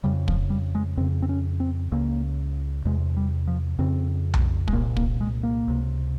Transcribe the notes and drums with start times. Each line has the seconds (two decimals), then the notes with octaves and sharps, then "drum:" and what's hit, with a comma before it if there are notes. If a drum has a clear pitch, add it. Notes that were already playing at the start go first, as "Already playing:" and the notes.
0.04 F2 C#3 G3
0.28 F3, drum: kick
0.50 G3
0.75 G#3
0.97 F2 C#3 C4
1.22 C4
1.29 C#4
1.60 C4
1.92 C#2 C#3 A#3
2.85 E2 C3 G#3
3.17 G3
3.47 F3
3.79 F2 C#3 C4
4.34 drum: tom B1
4.68 G#3, drum: kick
4.73 C2 A#2 A#3
4.97 A#3, drum: kick
5.21 G#3
5.43 A#3
5.68 C#2 C3